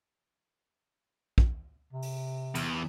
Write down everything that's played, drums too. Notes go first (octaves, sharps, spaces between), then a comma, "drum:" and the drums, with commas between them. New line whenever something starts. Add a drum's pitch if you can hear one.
drum: kick
C3
drum: open hi-hat
E2, drum: cymbal